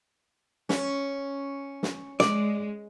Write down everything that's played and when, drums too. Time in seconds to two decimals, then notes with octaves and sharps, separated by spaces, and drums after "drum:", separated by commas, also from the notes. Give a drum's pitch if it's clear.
0.69 C#4, drum: snare
1.83 drum: snare
2.20 G#3 D5, drum: snare